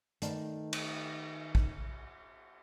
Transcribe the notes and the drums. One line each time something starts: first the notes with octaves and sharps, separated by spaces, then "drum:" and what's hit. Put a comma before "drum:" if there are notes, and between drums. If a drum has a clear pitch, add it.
D#3 A3 B4 D5 A5, drum: hi-hat
drum: cymbal
drum: kick A#1